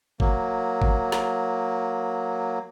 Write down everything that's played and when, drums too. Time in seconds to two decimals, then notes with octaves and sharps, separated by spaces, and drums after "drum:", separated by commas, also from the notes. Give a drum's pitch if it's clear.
0.20 F#3 A#3, drum: kick G1
0.82 drum: kick G1
1.12 drum: snare